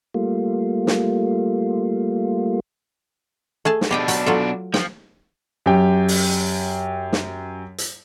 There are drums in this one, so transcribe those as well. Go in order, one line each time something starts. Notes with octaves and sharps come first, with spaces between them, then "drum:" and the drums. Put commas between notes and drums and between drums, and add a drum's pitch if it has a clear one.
G3 A3 A#3 F4
drum: snare
A3 G#4 A5
drum: snare
B2 D4 G4 D#5 G5
F#3 G5, drum: hi-hat
F#3 F4 A4
F3 G5, drum: snare
F#2 G4 G5
drum: open hi-hat
drum: snare
drum: hi-hat